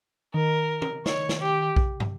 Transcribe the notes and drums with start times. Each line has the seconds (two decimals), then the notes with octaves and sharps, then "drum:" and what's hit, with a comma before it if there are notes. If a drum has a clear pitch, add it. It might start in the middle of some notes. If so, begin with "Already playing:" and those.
0.34 D#3 A#4
0.82 drum: tom D#3
1.06 D#3 C#5, drum: snare
1.29 drum: snare
1.41 G4
1.76 drum: kick A#1
2.00 drum: tom